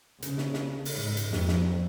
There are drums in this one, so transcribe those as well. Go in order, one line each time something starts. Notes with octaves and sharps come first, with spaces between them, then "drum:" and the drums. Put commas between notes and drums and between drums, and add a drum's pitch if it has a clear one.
C#3, drum: hi-hat
drum: snare
drum: snare
drum: open hi-hat
G#2
drum: hi-hat
F2, drum: snare
drum: snare